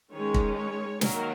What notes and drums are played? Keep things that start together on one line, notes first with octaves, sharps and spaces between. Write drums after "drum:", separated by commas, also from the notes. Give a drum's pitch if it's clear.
D#3 G#3 C#4 C#5
drum: kick
C#5
D#3 F#3 A#3 A#4, drum: snare